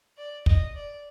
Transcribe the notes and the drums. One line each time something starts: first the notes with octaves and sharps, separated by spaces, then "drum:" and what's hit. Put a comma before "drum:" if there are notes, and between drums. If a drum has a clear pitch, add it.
D5
D#5, drum: kick
D5